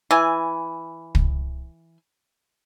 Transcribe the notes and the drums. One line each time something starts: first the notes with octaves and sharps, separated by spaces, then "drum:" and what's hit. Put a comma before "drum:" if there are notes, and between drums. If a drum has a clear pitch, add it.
E3 G#5
drum: kick